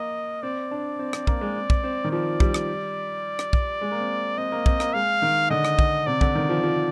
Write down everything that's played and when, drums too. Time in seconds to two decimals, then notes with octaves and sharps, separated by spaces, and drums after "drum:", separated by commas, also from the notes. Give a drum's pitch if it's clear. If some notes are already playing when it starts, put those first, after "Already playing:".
Already playing: A#3 D#5
0.43 C4 D5
0.71 D4
0.99 C4
1.13 C4, drum: rim click
1.27 A#3, drum: kick
1.41 G#3
1.56 C4
1.70 drum: kick
1.84 C4
2.05 D#3
2.12 F3 D5
2.40 G3, drum: kick
2.54 drum: rim click
3.39 drum: rim click
3.53 drum: kick
3.81 G#3
3.92 A#3
4.00 C4
4.37 C4 D#5
4.52 A#3
4.66 C4, drum: kick
4.80 A#3, drum: rim click
4.94 G#3 F5
5.22 D#3
5.50 D3 D#5
5.65 drum: rim click
5.79 drum: kick
6.07 C3 D5
6.21 D3, drum: kick
6.35 D#3
6.49 F3
6.63 F3